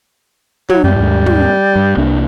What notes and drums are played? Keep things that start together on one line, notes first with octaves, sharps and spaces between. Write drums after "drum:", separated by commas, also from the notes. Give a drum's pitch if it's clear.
F#3, drum: tom
F#2 G3 G#3
D#2 G#2
drum: tom
G2
C2 A#3 D4